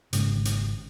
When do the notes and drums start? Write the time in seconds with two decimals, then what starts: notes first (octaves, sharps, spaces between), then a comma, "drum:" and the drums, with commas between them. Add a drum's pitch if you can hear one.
0.13 G#1 G#2 C#3, drum: hi-hat
0.45 drum: hi-hat